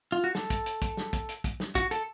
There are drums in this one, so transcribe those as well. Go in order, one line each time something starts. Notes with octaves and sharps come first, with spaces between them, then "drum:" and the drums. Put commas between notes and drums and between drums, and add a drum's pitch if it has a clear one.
F4
F#4
A4, drum: snare
drum: kick, hi-hat
drum: hi-hat
drum: kick, hi-hat
drum: snare
drum: kick, hi-hat
drum: hi-hat
drum: kick, hi-hat
drum: snare
F#4, drum: kick, hi-hat
A4, drum: hi-hat